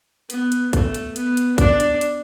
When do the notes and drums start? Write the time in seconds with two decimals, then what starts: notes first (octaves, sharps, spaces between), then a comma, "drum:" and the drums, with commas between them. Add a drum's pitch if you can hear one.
0.30 B3, drum: hi-hat
0.52 drum: hi-hat
0.73 A3, drum: kick, hi-hat
0.94 drum: hi-hat
1.16 B3, drum: hi-hat
1.37 drum: hi-hat
1.58 D4, drum: kick, hi-hat
1.80 drum: hi-hat
2.01 drum: hi-hat